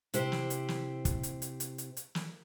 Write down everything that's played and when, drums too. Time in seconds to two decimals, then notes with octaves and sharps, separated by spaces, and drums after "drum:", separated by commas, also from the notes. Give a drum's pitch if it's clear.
0.14 C3 E4 G4 C5, drum: hi-hat
0.32 drum: snare
0.50 drum: hi-hat
0.68 drum: snare
1.05 drum: kick, hi-hat
1.23 drum: hi-hat
1.42 drum: hi-hat
1.60 drum: hi-hat
1.78 drum: hi-hat
1.97 drum: hi-hat
2.15 drum: snare